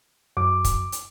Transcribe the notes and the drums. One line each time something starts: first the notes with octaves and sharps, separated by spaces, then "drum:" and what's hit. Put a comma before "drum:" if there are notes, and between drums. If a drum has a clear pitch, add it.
F#2 D6
drum: kick, hi-hat
drum: hi-hat